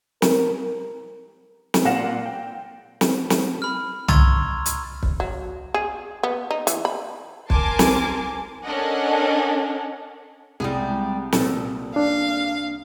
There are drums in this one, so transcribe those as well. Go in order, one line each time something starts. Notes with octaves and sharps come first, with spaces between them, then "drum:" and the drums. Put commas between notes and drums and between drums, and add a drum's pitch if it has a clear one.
A#4, drum: snare
drum: snare
A#2 F5 F#5 A#6 E7
G5
drum: snare
drum: snare
B5 F6
A#5 C6 C#6 E6 G#6 A6, drum: tom
drum: hi-hat
drum: kick
F#3
G#4
B3
D#4
E3, drum: hi-hat
B5
A#4 G#5 A5 C6 D6, drum: kick
drum: snare
C#4 D4 A4 A#4 D#5 F#5
C2 G3 G#3 G#4
A#2 A4, drum: snare
D4 F5